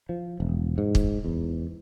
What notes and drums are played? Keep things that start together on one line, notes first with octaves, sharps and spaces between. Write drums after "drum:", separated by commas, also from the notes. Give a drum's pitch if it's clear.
F3
E1
G#2
drum: kick
E2